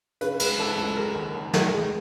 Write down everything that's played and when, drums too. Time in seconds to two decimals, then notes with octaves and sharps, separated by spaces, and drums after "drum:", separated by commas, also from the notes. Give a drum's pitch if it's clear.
0.21 C#3 B4, drum: hi-hat
0.40 G#3 B4, drum: cymbal
0.58 E3 A4
0.77 C#2 A4
0.97 G#3 A#4
1.15 D#2
1.35 D#2
1.53 D#3, drum: snare
1.72 G#3